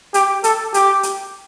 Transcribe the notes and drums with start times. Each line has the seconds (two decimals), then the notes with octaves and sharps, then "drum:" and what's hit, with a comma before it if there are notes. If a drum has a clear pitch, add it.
0.14 G4, drum: hi-hat
0.44 A4, drum: hi-hat
0.74 G4, drum: hi-hat
1.03 drum: hi-hat